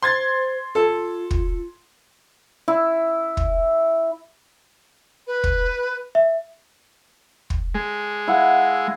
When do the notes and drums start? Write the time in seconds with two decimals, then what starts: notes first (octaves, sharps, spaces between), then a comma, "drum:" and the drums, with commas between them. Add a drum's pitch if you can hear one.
0.03 C5 C6 G#6 A6
0.75 F4 A4
1.31 drum: kick
2.68 E4
3.37 drum: kick
5.26 B4
5.44 drum: kick
6.15 E5
7.50 drum: kick
7.75 G#3
8.28 E4 F5 F#5